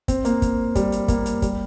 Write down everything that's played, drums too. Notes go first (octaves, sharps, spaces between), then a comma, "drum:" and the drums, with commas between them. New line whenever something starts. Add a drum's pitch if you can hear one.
C4, drum: kick, hi-hat
A#3, drum: hi-hat
drum: kick, hi-hat
G3, drum: kick, hi-hat
drum: hi-hat
A#3, drum: kick, hi-hat
drum: hi-hat
G3, drum: kick, hi-hat